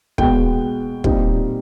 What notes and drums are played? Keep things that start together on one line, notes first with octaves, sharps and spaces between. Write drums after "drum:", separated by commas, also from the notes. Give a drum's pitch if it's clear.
B2 G#3 B3 G5, drum: kick
A#2 G3 C4 D#4, drum: kick